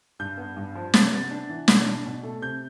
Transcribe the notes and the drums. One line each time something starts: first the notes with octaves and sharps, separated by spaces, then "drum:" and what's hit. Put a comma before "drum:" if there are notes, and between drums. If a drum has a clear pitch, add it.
G2 G6
B3
G2
F3
C3 A6, drum: snare
B3
D4
E3
B2, drum: snare
D4
B2
A3
C3 G6